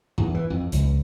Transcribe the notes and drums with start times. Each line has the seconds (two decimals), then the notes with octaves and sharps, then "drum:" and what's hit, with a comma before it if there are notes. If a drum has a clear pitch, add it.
0.18 E2, drum: tom G#2
0.34 E3
0.50 F2
0.72 C#2, drum: hi-hat